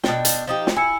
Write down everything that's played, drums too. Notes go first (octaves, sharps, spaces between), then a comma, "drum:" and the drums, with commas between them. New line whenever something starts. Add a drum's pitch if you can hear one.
B2 D4 G5, drum: snare
drum: hi-hat
F3 D#4 G4
drum: snare
E4 G#5 E6 C#7